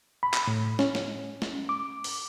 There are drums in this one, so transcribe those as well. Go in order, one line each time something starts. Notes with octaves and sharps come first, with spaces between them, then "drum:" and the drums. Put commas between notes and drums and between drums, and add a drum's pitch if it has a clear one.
B5
drum: clap
A2
C#4, drum: snare
drum: snare
drum: snare
D6
drum: open hi-hat